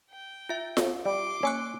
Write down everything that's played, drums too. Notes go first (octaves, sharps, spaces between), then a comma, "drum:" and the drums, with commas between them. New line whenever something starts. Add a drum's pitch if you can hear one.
G5
F4 E5
drum: snare F4
G3 C6 D6
A#3 C#4 G#5 F#6